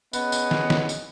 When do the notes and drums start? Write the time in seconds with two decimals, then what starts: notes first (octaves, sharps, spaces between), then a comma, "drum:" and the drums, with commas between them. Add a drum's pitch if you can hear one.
0.13 B3 C#4 G#4 D#5, drum: tambourine
0.32 drum: tambourine
0.51 drum: snare
0.70 drum: snare
0.89 drum: tambourine